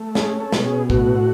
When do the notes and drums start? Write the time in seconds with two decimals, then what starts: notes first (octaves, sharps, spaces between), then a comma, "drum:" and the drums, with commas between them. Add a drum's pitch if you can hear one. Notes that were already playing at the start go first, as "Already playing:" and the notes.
Already playing: A3
0.15 C#4 G#4, drum: snare
0.40 A4
0.52 B2, drum: snare
0.66 G#4
0.90 A2 F#4, drum: kick